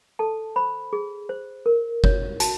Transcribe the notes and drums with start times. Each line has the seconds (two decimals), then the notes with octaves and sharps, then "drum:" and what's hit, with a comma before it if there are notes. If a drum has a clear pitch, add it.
0.19 A4 A5
0.56 C5 B5
0.93 G#4
1.29 C5
1.66 A#4
2.04 C#5, drum: kick F#1
2.40 F#4 A5, drum: hi-hat